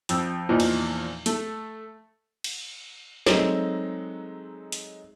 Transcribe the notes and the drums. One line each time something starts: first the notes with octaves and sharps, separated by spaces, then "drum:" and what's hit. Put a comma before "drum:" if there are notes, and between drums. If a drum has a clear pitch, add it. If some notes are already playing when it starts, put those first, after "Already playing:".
F2 G5 E6, drum: hi-hat
E2 A#2 E3 F3 D#4
drum: cymbal
A3, drum: hi-hat
drum: cymbal
F#3 G#3 A3 C4 D#4, drum: snare
drum: hi-hat